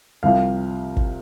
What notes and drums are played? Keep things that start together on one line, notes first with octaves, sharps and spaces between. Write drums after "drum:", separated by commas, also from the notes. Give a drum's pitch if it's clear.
C2 C3 F3 F5
drum: kick